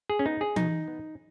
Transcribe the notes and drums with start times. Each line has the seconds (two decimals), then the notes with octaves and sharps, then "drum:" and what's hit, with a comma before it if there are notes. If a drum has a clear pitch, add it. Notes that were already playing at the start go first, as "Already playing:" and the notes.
0.10 G#4
0.19 C#4
0.26 B3 D#4
0.41 G#4
0.56 B2 D#4, drum: tom E3
0.88 B3